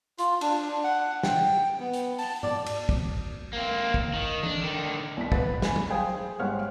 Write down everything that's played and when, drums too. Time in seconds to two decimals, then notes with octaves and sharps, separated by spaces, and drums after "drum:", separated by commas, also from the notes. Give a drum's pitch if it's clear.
0.18 F4, drum: hi-hat
0.41 D4, drum: cymbal
0.84 F#5
1.23 G5, drum: snare
1.80 B3
1.93 drum: hi-hat
2.18 A5, drum: open hi-hat
2.43 D5, drum: tom G#2
2.66 drum: cymbal
2.89 drum: kick
3.53 A#3 C4
3.94 drum: kick
4.14 D#3
4.43 D4, drum: tom E3
4.61 D3 D#3
5.17 C2 B6
5.32 B4 F#5 A6, drum: kick
5.62 G#5 B5, drum: snare
5.76 drum: tom
5.90 G#4 C5 F5 G5 G#5
6.40 G#1 G3 C5 C#5 F#5 F6